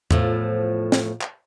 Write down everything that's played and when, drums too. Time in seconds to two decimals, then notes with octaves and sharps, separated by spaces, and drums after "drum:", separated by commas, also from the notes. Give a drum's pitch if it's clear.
0.11 E2 A2 F3, drum: tom E2
0.92 drum: snare
1.21 drum: clap